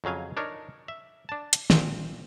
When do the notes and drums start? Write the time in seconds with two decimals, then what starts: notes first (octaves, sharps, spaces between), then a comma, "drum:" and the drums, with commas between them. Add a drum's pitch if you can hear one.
0.04 F2 C#3 F#3 F5 G#5
0.37 D4 D#4 A#4 C#5
0.88 E5
1.29 D4 A5
1.53 drum: hi-hat
1.70 A#1 C4, drum: snare